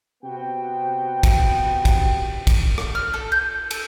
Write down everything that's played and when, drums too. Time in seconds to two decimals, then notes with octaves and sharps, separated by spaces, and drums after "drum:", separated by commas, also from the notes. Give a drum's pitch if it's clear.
0.24 C3 B3 C4 F#4 G5
1.23 drum: kick, cymbal
1.85 drum: kick, cymbal
2.47 drum: kick, cymbal
2.78 drum: rim click
2.95 F6
3.14 A4
3.32 G6
3.71 A4, drum: cymbal